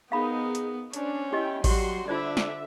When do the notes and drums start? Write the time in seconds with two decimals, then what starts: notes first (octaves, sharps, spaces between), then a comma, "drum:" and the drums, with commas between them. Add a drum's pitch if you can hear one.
0.12 B3 D#4 G#4 A#4 F5 B5
0.55 drum: hi-hat
0.93 C#4 D4 C5, drum: hi-hat
1.33 E4 G4 D#5 G5
1.64 F#3 G3 F#4 G4 C#5 C6, drum: kick A1, open hi-hat
2.08 D3 D4 F4 C5 D5 E5
2.37 drum: snare